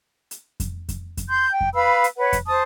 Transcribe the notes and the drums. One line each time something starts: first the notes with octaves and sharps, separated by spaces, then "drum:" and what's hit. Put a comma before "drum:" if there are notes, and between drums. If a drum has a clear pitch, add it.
drum: hi-hat
drum: kick F2, hi-hat
drum: kick F2, hi-hat
drum: kick F2, hi-hat
C6 G6
G5
drum: kick F2
B4 F5 B5 E6
drum: hi-hat
B4 C#5 F#5
drum: kick F2, hi-hat
C5 A5 D#6